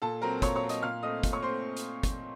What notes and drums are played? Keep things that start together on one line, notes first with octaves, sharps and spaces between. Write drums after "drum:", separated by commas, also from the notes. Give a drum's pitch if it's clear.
A#2 A4 A5
F#3 C4 A#4 A#5
A#2 C#5 C#6, drum: kick, hi-hat
C#5 C#6
F#3 C4
D#5 D#6, drum: hi-hat
A#2 F5 F6
A3 C4 D#5 D#6
A#2, drum: kick, hi-hat
C#5 C#6
A3 C4 C5 C6
drum: hi-hat
drum: kick, hi-hat